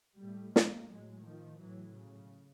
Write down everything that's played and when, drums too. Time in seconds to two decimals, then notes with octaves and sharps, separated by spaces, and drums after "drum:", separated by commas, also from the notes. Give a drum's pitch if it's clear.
0.20 A2 G3 A3
0.56 G#3 A#3, drum: snare
0.90 A2 F#3 G#3
1.25 D#3 F3
1.60 A2 E3 F#3
1.95 C#3